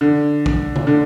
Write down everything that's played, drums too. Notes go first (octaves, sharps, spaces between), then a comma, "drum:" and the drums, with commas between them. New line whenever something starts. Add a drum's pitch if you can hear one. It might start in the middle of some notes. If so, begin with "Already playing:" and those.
D3
drum: kick
drum: tom C#3
D3